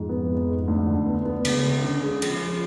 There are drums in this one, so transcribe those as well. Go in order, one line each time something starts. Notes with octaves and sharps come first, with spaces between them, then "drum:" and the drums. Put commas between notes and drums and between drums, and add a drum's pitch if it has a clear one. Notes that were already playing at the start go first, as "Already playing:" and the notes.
Already playing: F2 G#2
B3
G#3
G#2
D2
D3
B3
B3
C#2 C#3, drum: cymbal
C#4
D3 C#4
G#3
F3 G#3, drum: cymbal
G#3